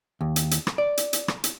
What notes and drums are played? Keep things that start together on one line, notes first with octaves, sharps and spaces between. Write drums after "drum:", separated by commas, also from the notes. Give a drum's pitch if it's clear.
D#2
drum: hi-hat
drum: hi-hat
drum: rim click
D5
drum: hi-hat
drum: hi-hat
drum: rim click
drum: hi-hat